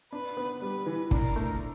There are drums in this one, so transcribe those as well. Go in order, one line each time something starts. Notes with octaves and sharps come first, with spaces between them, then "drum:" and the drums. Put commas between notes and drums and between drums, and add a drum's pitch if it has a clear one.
D4 B4
B3
G3 B4
E3
D4 A#4, drum: kick
A3